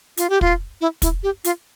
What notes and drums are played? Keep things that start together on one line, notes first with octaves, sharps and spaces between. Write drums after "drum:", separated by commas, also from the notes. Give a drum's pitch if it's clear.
F4, drum: hi-hat
G4
F4, drum: kick
E4
E4, drum: kick, hi-hat
G4
F4, drum: hi-hat